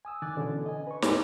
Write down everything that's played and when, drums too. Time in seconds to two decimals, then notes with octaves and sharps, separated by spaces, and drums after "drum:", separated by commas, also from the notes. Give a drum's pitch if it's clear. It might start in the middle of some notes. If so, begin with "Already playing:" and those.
0.05 G#5 D#6 E6
0.22 D3 D#3 G#5 D6 F#6 A6
0.36 B2 D3 E3 C#4 A4
0.66 D#5 G#5
0.87 B4 C#6
1.02 D#2 A2 G#3 G#5, drum: snare